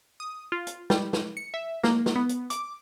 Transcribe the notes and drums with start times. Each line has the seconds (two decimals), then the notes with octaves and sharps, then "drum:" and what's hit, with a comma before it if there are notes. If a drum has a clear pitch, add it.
0.20 D#6
0.52 F4
0.67 drum: hi-hat
0.90 G3, drum: snare
1.13 drum: snare
1.37 C#7
1.54 E5
1.84 A#3, drum: snare
2.06 drum: snare
2.16 B3
2.29 drum: hi-hat
2.50 D6, drum: hi-hat